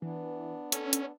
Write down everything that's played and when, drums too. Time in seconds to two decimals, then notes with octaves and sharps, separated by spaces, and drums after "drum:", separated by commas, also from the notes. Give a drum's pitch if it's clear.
0.02 E3 B3 D4
0.72 C#4 A4, drum: hi-hat
0.93 drum: hi-hat